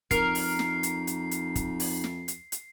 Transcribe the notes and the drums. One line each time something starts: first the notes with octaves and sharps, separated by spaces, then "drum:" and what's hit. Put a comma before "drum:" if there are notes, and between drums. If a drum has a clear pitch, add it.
F2 D#4 A#4 C7, drum: kick, hi-hat
drum: open hi-hat
drum: snare
drum: hi-hat
drum: hi-hat
drum: hi-hat
drum: kick, hi-hat
drum: open hi-hat
drum: snare
drum: hi-hat
drum: hi-hat